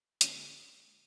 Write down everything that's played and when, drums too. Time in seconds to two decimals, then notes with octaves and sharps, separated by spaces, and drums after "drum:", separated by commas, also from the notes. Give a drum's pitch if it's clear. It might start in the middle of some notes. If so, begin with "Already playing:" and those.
0.21 D3 G#3 A#3 C#4 D4 F#4, drum: hi-hat